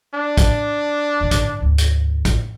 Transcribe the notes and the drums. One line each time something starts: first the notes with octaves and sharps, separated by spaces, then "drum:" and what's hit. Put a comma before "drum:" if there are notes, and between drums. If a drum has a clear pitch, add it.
D4
drum: kick, hi-hat
G2 D3
drum: kick, hi-hat
D2 G#2
drum: hi-hat
drum: kick, hi-hat